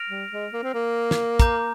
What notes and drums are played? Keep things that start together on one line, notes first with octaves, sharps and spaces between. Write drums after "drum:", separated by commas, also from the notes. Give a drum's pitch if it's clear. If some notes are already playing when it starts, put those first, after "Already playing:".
Already playing: F6 A#6 D7 F7
G3
G#3
A#3
C4
A#3
drum: snare
A#5 D6 G6, drum: kick, hi-hat